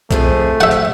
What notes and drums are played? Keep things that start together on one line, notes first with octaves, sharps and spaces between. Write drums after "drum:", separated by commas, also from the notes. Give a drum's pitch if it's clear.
F2 F3 A3 G#4, drum: kick B1
D2 E5 F#5
drum: hi-hat